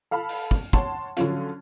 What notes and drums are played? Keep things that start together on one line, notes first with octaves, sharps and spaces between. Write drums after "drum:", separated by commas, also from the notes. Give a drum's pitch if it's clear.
A4 F5 A5 B5 F6
drum: open hi-hat
drum: kick
C#5 F#5 A5 C6, drum: kick, hi-hat
D3 F3 F#3 C#4 F4, drum: hi-hat